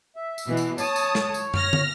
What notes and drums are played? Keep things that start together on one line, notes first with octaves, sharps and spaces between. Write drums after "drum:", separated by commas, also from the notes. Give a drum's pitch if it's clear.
E5
drum: tambourine
B2 E3
drum: tambourine
C#5 A5 D#6, drum: tambourine
drum: tambourine
drum: snare
drum: tambourine
F6 A#6, drum: tom
drum: tom